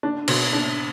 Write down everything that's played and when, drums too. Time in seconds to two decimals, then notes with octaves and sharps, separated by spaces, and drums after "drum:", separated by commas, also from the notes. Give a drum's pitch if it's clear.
0.03 D4
0.28 B2, drum: cymbal
0.53 D4